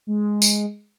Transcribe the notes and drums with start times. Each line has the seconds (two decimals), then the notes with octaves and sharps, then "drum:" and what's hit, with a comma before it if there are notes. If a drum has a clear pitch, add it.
0.07 G#3
0.42 drum: tambourine